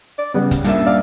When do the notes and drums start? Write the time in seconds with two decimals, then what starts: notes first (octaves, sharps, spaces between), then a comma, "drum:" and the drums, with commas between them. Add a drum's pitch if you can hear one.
0.18 D5
0.34 C#3 G3 B3
0.51 drum: kick, hi-hat
0.65 G2 A#2 A#3 E5, drum: hi-hat
0.86 D5 F5